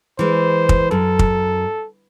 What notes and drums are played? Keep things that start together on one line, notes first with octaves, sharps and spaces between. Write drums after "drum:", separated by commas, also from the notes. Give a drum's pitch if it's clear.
E3 G#3 C5
drum: kick
F#2 A4
drum: kick